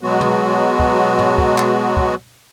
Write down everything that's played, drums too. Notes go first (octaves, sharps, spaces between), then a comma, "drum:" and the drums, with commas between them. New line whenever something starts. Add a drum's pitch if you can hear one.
B2 F#3 G#3 B3 F#4
drum: tom
drum: kick
drum: tom
drum: kick
drum: clap
drum: kick